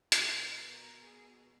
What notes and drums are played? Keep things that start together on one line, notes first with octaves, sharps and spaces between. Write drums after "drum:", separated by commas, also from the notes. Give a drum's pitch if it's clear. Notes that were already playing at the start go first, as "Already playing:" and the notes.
B2 A#4, drum: hi-hat
B4
A#4
G#4